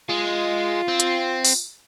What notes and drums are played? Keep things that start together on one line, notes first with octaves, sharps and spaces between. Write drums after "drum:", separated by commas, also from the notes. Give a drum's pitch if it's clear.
G#3 F4
C4
drum: hi-hat
drum: open hi-hat